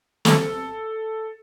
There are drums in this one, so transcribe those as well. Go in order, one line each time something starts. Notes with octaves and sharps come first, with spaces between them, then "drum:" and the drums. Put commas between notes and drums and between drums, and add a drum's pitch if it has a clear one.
A4, drum: snare